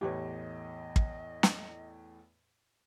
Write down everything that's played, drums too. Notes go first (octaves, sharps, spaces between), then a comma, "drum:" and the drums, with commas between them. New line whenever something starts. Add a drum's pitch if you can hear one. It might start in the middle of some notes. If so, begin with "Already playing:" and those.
E2 A2 G4 B4 C#5 D#5
drum: kick
drum: snare